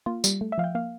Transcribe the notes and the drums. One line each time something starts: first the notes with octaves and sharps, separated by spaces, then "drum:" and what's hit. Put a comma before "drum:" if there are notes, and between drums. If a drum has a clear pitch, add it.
A#3 F4
G3, drum: tambourine
A3
E5
F3 F5
G5
A#3 F5